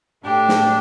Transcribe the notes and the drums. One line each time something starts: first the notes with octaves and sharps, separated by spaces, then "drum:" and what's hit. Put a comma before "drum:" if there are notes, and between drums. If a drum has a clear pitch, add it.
A2 A3 D4 G4
drum: snare